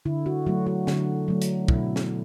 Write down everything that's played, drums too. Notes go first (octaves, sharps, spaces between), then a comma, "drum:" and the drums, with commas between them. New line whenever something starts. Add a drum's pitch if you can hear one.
D3 E4
F#4
F#3 A3 F#4
F#4
D3, drum: snare
F#3 A3
drum: hi-hat
B2 E4, drum: kick
drum: snare